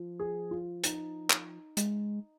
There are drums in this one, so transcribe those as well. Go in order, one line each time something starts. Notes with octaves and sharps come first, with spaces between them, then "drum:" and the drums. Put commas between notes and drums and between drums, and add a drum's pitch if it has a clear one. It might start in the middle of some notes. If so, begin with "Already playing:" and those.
Already playing: F3
G#4
F4
D#4, drum: hi-hat
drum: clap
G#3, drum: hi-hat